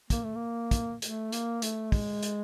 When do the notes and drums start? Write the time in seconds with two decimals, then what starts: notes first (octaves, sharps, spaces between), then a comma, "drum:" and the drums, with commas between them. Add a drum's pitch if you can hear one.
0.10 A#3, drum: kick, hi-hat
0.23 A3
0.35 A#3
0.71 drum: kick, hi-hat
1.02 A3, drum: hi-hat
1.32 A#3, drum: hi-hat
1.62 A3, drum: hi-hat
1.92 G#3, drum: kick, open hi-hat
2.23 drum: hi-hat